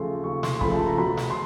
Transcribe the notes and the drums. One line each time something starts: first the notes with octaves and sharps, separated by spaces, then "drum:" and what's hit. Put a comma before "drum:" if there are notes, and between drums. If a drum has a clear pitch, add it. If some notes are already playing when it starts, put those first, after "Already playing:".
Already playing: D#2 C#3 F3 A3 C6
D#2 C#6
C6, drum: snare
C#3 F3 A3 B5, drum: kick
A5
A#5
B2 B5
drum: snare
C6